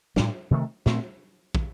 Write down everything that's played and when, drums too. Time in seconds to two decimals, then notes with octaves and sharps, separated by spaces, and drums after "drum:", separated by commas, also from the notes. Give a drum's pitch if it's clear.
0.16 A2 G3 D4, drum: snare
0.51 C3 D#3 A3
0.86 A#2 A3 C4, drum: snare
1.55 drum: kick